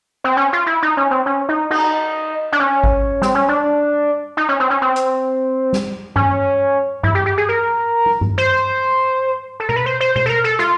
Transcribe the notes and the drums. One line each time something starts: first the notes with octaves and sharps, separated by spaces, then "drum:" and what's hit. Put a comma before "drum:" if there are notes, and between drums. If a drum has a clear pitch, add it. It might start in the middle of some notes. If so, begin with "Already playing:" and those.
C4
C#4
F4
E4
D#4
C#4
C4
C#4
D#4
D#4, drum: cymbal
D4
C#4
drum: kick G#1
C4, drum: snare
C#4
D4
D#4
C#4
C4
C#4
C4
drum: hi-hat
drum: snare
C#4, drum: tom G2
E4, drum: tom G2
G4
G4
G#4
A#4
drum: tom
drum: tom G2
C5
A4
A#4, drum: tom B2
B4
C5
C5
C5, drum: tom B2
A4
A#4
A4
F4, drum: rim click